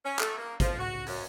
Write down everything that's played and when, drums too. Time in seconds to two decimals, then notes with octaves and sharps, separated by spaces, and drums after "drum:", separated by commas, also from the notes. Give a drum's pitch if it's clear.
0.04 C#4
0.19 A3, drum: clap
0.37 A#3
0.60 F3, drum: kick, hi-hat
0.78 F#4
1.07 F#2, drum: open hi-hat